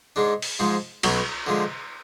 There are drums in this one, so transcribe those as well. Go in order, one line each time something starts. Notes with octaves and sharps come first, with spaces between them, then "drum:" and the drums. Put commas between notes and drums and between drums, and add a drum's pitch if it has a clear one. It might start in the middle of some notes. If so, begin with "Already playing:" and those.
G#2 G#3 D4
drum: open hi-hat
G#2 F3 G#3
B1 B2 F#3 C#4, drum: cymbal
D3 F3 G#3